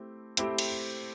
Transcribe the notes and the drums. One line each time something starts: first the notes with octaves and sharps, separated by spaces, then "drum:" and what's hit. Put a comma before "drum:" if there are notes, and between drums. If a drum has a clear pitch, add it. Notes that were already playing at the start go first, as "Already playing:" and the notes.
Already playing: A3 C4 E4 G4
A3 C4 E4 G4 C5, drum: hi-hat
drum: cymbal